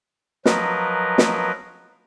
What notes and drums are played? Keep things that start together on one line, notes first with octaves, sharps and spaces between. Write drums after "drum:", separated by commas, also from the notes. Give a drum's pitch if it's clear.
F3 F#3 A#4 B4 D#5, drum: snare
drum: snare